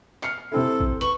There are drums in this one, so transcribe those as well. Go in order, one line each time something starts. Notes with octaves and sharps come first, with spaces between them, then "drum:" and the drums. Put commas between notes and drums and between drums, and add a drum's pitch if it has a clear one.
F6 C7 C#7, drum: clap
C3 C4 E4 A4
drum: kick A#1
B4 C#6 F#7, drum: hi-hat